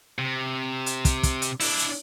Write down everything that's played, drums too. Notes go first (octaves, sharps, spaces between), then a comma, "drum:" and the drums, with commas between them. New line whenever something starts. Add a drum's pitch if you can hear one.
C3
drum: hi-hat
drum: kick, hi-hat
drum: kick, hi-hat
drum: hi-hat
D4 E4, drum: open hi-hat
drum: hi-hat